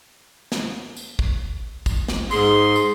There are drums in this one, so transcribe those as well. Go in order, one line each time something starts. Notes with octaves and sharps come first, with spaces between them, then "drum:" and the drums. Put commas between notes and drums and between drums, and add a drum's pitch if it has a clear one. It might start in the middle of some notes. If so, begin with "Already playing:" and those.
drum: snare
drum: tambourine
drum: kick
drum: kick, tambourine
drum: snare
G#2 G#4 C6, drum: tambourine
drum: tambourine